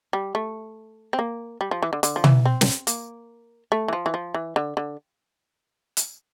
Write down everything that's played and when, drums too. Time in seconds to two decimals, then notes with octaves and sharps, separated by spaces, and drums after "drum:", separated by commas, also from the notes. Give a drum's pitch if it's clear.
0.13 G3
0.35 A3
1.13 C4
1.19 A#3
1.61 G3
1.71 F3
1.83 E3
1.93 D3
2.03 D3, drum: hi-hat
2.16 F3
2.24 E3, drum: tom
2.46 C4
2.61 drum: snare
2.87 A#3, drum: hi-hat
3.72 A3
3.88 E3
3.93 F3
4.06 E3
4.14 F3
4.34 E3
4.56 D3
4.77 D3
5.97 drum: hi-hat